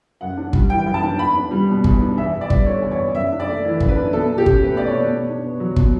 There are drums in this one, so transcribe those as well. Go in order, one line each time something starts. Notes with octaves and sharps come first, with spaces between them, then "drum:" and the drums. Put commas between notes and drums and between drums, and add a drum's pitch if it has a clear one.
F#2 F#5
D4
G3, drum: kick
E3 G5
F#2
A5
D4
E2 B5
D4
G3
B2
E2, drum: kick
D4
E2 E5
E2
D5
G3, drum: kick
D3 C#5
E2
C#5
E2
F#2 E5
D4
D5
A3
E3
F#2, drum: kick
B4
D4
B2 A4
B2
G4
C#4, drum: kick
A3 B4
B2 D5
C#5
B2
B2
D4
B3
F#3
B2, drum: kick